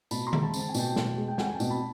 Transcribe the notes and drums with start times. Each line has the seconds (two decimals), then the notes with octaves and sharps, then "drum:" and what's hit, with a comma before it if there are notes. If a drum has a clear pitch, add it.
0.11 B2 A5 B5, drum: tambourine
0.27 A#5 C6
0.33 G#3, drum: tom D3
0.43 A5 B5
0.54 C4, drum: tambourine
0.59 A5
0.69 G#5
0.74 B2 G5 A5, drum: tambourine
0.96 B2, drum: snare
1.17 G#3
1.28 G5
1.38 C4 F#5 G#5, drum: snare
1.55 G5 A5
1.60 B2, drum: tambourine
1.70 A5 B5